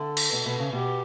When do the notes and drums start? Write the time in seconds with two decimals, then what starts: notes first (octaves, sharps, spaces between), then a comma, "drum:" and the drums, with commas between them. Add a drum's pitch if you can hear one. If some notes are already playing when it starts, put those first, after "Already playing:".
Already playing: D3 A4
0.17 drum: cymbal
0.32 B2
0.46 B2
0.60 C#3
0.73 B2 G4